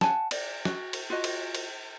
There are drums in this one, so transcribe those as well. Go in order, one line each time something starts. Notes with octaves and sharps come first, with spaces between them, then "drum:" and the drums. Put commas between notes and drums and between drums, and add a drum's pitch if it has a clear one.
F#5 G#5 A5, drum: snare
D5, drum: cymbal
F#4, drum: snare
drum: cymbal
F4 F#4 D#5
drum: cymbal
drum: cymbal